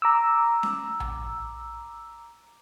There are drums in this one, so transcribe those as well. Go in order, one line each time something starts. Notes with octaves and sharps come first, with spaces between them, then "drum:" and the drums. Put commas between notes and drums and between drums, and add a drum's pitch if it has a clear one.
A#5 D6 E6
drum: snare C#4
drum: tom A#1